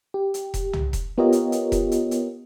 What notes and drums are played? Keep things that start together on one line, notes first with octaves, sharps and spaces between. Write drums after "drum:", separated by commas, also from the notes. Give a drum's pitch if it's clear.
G4
drum: hi-hat
drum: kick E1, hi-hat
drum: tom
drum: kick E1, hi-hat
B3 F4 G4 A#4 C#5 D#5
drum: hi-hat
drum: hi-hat
drum: kick E1, hi-hat
drum: hi-hat
drum: hi-hat